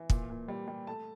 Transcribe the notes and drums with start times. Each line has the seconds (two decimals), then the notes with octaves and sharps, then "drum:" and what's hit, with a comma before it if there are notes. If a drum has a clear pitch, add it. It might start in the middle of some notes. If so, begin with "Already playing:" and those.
Already playing: E3
0.10 A#2, drum: kick
0.30 A#2
0.48 G3
0.68 G3
0.87 A3 A5